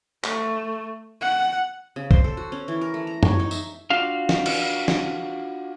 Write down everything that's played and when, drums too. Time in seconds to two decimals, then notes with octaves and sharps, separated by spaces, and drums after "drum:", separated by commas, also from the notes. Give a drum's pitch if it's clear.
0.24 A3, drum: clap
1.21 F#5
1.96 C#3
2.11 C5, drum: kick
2.24 A4
2.37 F#4
2.52 C#4
2.68 E3
2.81 A#4
2.94 A3
3.07 A#5
3.23 C#5, drum: tom F#2
3.39 D#4
3.51 E5, drum: tambourine
3.90 D4 F4 F#4 F5
4.29 drum: snare
4.46 drum: cymbal
4.88 drum: snare